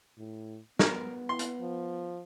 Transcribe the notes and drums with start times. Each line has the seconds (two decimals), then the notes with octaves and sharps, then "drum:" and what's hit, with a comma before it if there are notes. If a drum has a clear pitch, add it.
0.18 A2
0.79 B3 A#4, drum: snare
1.29 E4 C6
1.39 drum: hi-hat
1.60 F3